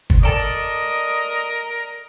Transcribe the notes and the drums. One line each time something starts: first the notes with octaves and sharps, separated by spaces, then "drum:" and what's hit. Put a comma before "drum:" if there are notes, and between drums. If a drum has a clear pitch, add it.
drum: kick
A4 A#4 D5 D#5